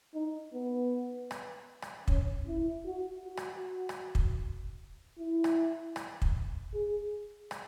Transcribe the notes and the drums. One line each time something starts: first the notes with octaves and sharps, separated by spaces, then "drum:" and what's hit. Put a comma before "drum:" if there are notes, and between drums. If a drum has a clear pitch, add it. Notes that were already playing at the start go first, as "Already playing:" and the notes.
D#4
B3
drum: rim click
drum: rim click
C#4, drum: kick
E4
F#4
F#4
drum: rim click
drum: rim click
drum: kick
E4
drum: rim click
drum: rim click
drum: kick
G#4
drum: rim click